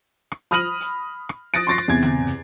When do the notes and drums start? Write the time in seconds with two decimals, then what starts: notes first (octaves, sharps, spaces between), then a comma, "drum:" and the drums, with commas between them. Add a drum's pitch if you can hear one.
0.32 drum: rim click
0.51 B5 D#6 F6 A#6 D#7 F#7
0.80 drum: hi-hat
1.29 drum: rim click
1.54 D#6 F#6 A6 A#6 D7
1.67 C6 C#6 A6 A#6 C7
1.78 drum: rim click
1.88 E2 C3 G#6
2.02 drum: tom C#3
2.27 drum: hi-hat